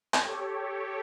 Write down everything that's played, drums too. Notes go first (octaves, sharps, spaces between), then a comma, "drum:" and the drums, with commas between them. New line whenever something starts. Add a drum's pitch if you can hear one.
drum: clap
G4 A4 C#5